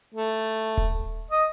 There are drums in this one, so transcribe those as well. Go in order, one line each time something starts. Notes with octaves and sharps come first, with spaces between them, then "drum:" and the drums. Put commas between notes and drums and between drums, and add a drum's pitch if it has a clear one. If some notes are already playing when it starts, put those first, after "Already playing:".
A3
drum: kick D#1
D#5